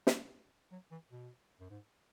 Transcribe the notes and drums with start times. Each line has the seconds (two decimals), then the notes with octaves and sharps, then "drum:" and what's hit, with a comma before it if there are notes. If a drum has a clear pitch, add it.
0.07 drum: snare
0.72 F#3
0.92 E3
1.12 B2
1.60 F#2
1.70 G#2